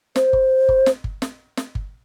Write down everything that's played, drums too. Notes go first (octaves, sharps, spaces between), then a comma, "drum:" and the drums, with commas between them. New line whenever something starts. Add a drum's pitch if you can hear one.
C5, drum: snare
drum: kick G1
drum: kick G1
drum: snare
drum: kick G1
drum: snare
drum: snare
drum: kick G1